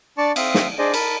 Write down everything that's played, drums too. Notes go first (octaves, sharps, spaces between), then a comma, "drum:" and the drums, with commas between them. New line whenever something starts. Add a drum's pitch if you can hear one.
D4 D5 A5 C#6
C4 E5 F5 D#6, drum: cymbal
drum: snare
D4 G#4 C5 D5 D#5
A#4 A5 B5, drum: cymbal